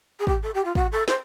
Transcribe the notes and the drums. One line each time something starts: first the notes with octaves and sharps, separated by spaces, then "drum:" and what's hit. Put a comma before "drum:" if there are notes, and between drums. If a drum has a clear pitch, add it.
G#4
G4, drum: kick
A4
G4
F4
F#4, drum: kick
A4
C5, drum: snare